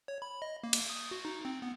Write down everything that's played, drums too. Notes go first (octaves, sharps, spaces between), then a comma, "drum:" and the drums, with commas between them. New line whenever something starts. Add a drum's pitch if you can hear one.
C#5
B5
D#5
A#3
drum: cymbal
D#6
F#4
D#4
C4
B3